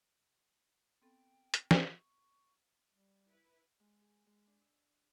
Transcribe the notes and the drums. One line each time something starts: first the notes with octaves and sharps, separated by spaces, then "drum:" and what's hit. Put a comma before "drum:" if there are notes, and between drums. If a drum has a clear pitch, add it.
B3 C4 A4 G5
drum: hi-hat
drum: snare
C#6
G3
E4 B4
G#3
G#4
G#3
D4
E6